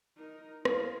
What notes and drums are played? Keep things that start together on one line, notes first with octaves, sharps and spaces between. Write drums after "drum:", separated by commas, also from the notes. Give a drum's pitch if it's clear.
D#4 A#4
E4 F5, drum: rim click